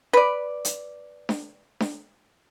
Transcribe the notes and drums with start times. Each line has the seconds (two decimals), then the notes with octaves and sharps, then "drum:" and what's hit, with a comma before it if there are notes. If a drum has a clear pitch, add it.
0.13 B4 D5
0.65 drum: hi-hat
1.29 drum: snare D4
1.80 drum: snare D4